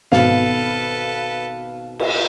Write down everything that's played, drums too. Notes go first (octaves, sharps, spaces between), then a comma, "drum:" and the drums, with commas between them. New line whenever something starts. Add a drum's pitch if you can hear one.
G#1 B2 A4 B4 F5, drum: snare
drum: cymbal